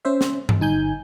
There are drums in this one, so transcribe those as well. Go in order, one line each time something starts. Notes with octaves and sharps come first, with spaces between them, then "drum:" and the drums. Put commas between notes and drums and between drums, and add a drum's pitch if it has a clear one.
C#4 C5 E5
drum: snare
drum: tom G2
G1 D#4 G#5 G6